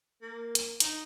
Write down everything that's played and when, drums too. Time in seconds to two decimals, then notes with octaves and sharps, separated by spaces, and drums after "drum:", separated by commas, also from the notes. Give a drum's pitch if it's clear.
0.22 A#3
0.55 drum: hi-hat
0.80 D#4, drum: hi-hat